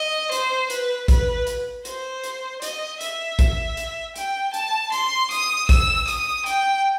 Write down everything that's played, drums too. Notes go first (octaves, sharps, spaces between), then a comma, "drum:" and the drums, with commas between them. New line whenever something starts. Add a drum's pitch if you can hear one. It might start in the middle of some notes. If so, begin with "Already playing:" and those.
Already playing: D#5
C5, drum: hi-hat
B4, drum: hi-hat
B4, drum: kick A1, hi-hat
drum: hi-hat
C5, drum: hi-hat
drum: hi-hat
D#5, drum: hi-hat
E5, drum: hi-hat
drum: kick A1, hi-hat
drum: hi-hat
G5, drum: hi-hat
A5, drum: hi-hat
C6, drum: hi-hat
D#6, drum: hi-hat
E6, drum: kick A1, hi-hat
D#6, drum: hi-hat
G5, drum: hi-hat